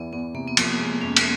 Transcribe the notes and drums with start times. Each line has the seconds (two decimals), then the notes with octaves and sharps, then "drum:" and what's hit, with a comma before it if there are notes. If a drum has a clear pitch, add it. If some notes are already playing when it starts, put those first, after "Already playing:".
Already playing: E2 E3 B3
0.12 E2 B3
0.34 C3 A#3
0.48 B3
0.57 F3 A#3, drum: cymbal
0.79 G#3 A#3
1.01 F2 C#4
1.17 drum: cymbal